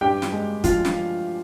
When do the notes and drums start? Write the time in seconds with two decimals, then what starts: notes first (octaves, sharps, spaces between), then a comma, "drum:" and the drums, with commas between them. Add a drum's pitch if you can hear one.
0.01 G2 G4 G5
0.22 drum: snare
0.32 G#3
0.64 F3 F4 F5, drum: kick, hi-hat
0.85 drum: snare